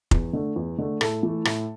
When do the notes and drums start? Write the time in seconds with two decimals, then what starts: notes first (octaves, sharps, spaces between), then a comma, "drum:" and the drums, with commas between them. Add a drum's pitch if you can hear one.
0.11 E2, drum: kick F1
0.33 D3 A3
0.56 E2
0.78 D3 A3
1.01 A2 A4, drum: rim click
1.23 E3 A3
1.45 A2, drum: rim click